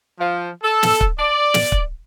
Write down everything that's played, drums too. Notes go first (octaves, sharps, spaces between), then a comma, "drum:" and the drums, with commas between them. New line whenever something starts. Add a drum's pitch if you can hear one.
F3
A4
drum: snare
drum: kick
D5
drum: snare
drum: kick